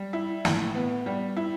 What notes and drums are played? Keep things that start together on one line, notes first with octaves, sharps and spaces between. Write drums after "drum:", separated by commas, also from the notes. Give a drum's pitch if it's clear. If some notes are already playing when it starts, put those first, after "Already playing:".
Already playing: G3
E4
A2, drum: snare
B3
G3
E4